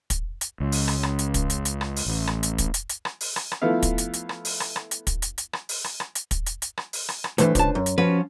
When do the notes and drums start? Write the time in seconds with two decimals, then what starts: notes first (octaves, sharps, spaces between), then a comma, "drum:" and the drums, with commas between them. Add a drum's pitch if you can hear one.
0.10 drum: kick, hi-hat
0.41 drum: hi-hat
0.60 C#2
0.72 drum: open hi-hat
0.88 drum: rim click
1.03 drum: rim click
1.19 drum: hi-hat
1.34 drum: kick, hi-hat
1.50 drum: hi-hat
1.65 drum: hi-hat
1.81 drum: rim click
1.96 drum: open hi-hat
2.06 A1
2.27 drum: rim click
2.43 drum: hi-hat
2.58 drum: kick, hi-hat
2.74 drum: hi-hat
2.89 drum: hi-hat
3.05 drum: rim click
3.21 drum: open hi-hat
3.36 drum: rim click
3.52 drum: rim click
3.62 F3 A3 B3 E4 F5
3.83 drum: kick, hi-hat
3.98 drum: hi-hat
4.14 drum: hi-hat
4.29 drum: rim click
4.45 drum: open hi-hat
4.60 drum: rim click
4.76 drum: rim click
4.91 drum: hi-hat
5.07 drum: kick, hi-hat
5.22 drum: hi-hat
5.38 drum: hi-hat
5.53 drum: rim click
5.69 drum: open hi-hat
5.84 drum: rim click
6.00 drum: rim click
6.15 drum: hi-hat
6.31 drum: kick, hi-hat
6.46 drum: hi-hat
6.62 drum: hi-hat
6.77 drum: rim click
6.93 drum: open hi-hat
7.09 drum: rim click
7.24 drum: rim click
7.38 A2 C3 E3 D4 B4 C5, drum: hi-hat
7.55 C#2 A5, drum: kick, hi-hat
7.75 F#2
7.86 drum: hi-hat
7.98 F3 C#4 F#4 B4